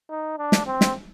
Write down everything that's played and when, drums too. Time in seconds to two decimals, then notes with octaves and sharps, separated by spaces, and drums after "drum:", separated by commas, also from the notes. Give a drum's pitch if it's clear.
0.10 D#4
0.38 D4
0.52 drum: snare
0.66 C4
0.81 drum: snare